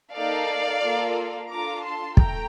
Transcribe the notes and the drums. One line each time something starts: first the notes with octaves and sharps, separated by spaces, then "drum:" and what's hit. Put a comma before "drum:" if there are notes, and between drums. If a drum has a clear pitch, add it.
A#3 D#4 A4 D5 F5
A#3 F4 A4
D4 F4 A4 A#5 D6
A5 C6
A3 G5 A#5, drum: kick